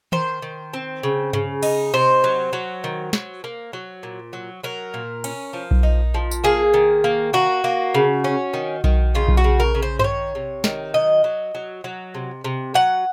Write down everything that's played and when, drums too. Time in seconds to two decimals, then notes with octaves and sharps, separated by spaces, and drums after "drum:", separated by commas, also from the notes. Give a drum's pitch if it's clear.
0.12 D#3 C5, drum: tom D#3
0.42 D#3
0.73 C4
1.03 C#3
1.33 C#3, drum: tom G2
1.63 D#4, drum: cymbal
1.94 C3 C5
2.24 F#3
2.53 F#3
2.84 D#3
3.13 F#3, drum: snare
3.44 A#3
3.73 F#3
4.03 A#2
4.33 F#3
4.63 F#3 A#4
4.94 A#2
5.24 C#4, drum: cymbal
5.53 F3
5.71 drum: kick B1
5.83 D#4
6.14 F3
6.31 drum: tambourine
6.44 A#3 G#4
6.74 D#3
7.04 A#3
7.33 A#3 F#4
7.64 A#3
7.94 C#3
8.24 C#4
8.54 D#3
8.84 D#3, drum: kick B1
9.15 C#3 F4
9.28 drum: kick B1
9.37 F#4
9.44 C#3
9.60 A#4
9.74 C#3
9.82 C5
9.99 C5, drum: tom G2
10.04 D#3 C#5
10.35 C3
10.64 D#3, drum: snare
10.94 F#3 D#5
11.24 F#3
11.55 F#3
11.84 F#3
12.14 C3
12.44 C3
12.74 F#3 F#5